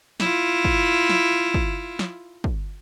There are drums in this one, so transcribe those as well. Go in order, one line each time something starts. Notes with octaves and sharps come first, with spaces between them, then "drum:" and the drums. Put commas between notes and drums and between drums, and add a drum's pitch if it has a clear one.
E4 F4, drum: snare
drum: kick
drum: snare
drum: kick
drum: snare
drum: kick